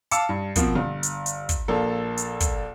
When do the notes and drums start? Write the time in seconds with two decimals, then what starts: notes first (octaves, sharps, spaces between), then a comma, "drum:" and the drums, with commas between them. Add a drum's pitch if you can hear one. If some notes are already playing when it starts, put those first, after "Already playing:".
0.11 F5 A5 D6 E6 C#7, drum: hi-hat
0.29 G2
0.56 B2 F3 A#3 C4, drum: kick, hi-hat
0.75 G1
1.03 drum: hi-hat
1.26 drum: hi-hat
1.49 drum: kick, hi-hat
1.68 A#1 A#3 A4
2.18 drum: hi-hat
2.41 drum: kick, hi-hat